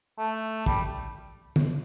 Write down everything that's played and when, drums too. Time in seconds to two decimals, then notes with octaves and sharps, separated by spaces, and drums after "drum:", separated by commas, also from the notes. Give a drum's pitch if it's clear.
0.19 A3
0.66 G3, drum: kick
1.56 drum: tom